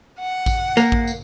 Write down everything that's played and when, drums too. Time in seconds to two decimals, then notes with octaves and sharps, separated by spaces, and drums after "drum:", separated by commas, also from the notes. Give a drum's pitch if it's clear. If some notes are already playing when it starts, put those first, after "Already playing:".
0.20 F#5
0.46 drum: kick A1, tambourine
0.77 A#3, drum: tambourine
0.92 drum: kick A1
1.07 drum: tambourine